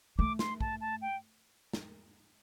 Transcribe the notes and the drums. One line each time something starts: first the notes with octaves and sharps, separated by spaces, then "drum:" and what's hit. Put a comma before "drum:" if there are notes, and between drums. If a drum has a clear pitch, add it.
A3 D6
C6, drum: snare
A5, drum: kick
A5
G5
drum: snare